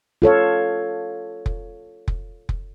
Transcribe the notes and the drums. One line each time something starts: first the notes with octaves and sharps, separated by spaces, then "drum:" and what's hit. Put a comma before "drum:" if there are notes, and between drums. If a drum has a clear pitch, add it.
F4 A4 C#5 F5
drum: kick F1
drum: kick F1
drum: kick F1